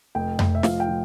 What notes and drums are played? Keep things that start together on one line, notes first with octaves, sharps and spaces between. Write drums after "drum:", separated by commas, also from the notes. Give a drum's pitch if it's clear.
F1 G5
F1, drum: tom F2
E5
F3 F5, drum: snare
G5
F3